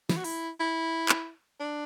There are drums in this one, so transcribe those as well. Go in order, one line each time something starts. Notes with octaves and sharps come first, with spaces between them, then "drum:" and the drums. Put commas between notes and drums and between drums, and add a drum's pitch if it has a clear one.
E4, drum: snare
F#4
E4, drum: open hi-hat
E4
drum: clap
D4